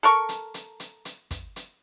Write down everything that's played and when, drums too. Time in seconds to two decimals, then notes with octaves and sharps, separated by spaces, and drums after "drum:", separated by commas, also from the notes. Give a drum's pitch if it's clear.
0.03 A4 A#4 C#6
0.29 drum: hi-hat
0.54 drum: hi-hat
0.80 drum: hi-hat
1.05 drum: hi-hat
1.31 drum: kick, hi-hat
1.56 drum: hi-hat